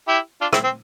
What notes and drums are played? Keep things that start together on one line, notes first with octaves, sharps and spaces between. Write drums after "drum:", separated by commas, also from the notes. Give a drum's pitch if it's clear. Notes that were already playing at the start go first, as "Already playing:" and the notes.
E4 G4
D4 F4
C4 E4, drum: rim click
C4